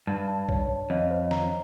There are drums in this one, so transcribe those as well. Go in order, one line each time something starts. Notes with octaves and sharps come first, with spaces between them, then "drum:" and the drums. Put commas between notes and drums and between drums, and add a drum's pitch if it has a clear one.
G2 A5
A5
C#5, drum: kick
C#5
F2 D#5
C5
A#5, drum: snare